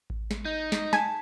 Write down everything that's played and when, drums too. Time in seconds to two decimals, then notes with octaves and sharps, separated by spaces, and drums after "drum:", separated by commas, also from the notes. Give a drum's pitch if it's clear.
0.10 drum: kick A1
0.31 drum: snare
0.45 D#4 G6
0.72 drum: snare
0.93 G#5 A5 G#6 B6, drum: snare